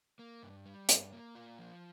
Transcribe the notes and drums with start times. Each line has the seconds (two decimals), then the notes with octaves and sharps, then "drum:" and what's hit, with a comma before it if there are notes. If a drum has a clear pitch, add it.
0.19 A#3
0.43 G2
0.65 G3
0.89 G2, drum: hi-hat
1.12 A#3
1.35 F4
1.59 F3